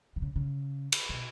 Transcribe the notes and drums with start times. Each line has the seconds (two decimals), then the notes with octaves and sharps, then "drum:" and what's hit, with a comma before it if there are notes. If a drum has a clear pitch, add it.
0.16 D3
0.22 C#3
0.36 C#3
0.92 drum: cymbal
1.09 B2